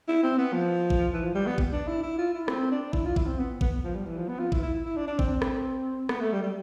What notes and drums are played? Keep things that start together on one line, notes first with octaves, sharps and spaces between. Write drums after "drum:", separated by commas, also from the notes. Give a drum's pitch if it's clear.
E4
C4
B3
F3
drum: kick G#1
E3
F3
G3
B3
drum: kick G#1
D4
E4
E4
F4
E4
C4, drum: rim click
D4
E4, drum: kick G#1
F4
E4, drum: kick G#1
C4
B3
B3, drum: kick G#1
F3
G3
E3
F3
B3
F4
E4, drum: kick G#1
E4
E4
D4
D4
C4, drum: kick G#1
drum: rim click
B3, drum: rim click
A3
G3
G3